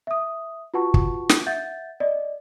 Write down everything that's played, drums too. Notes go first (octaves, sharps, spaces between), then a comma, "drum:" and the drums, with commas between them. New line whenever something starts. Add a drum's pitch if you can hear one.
E5 D#6
F4 F#4 B4 F#5 A5 C#6
drum: kick
drum: snare
E5 F#5 G6 A6
D5 D#5